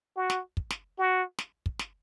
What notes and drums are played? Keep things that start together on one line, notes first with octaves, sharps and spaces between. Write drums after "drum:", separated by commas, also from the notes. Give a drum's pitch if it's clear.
F#4
drum: snare
drum: kick
drum: snare
F#4
drum: snare
drum: kick
drum: snare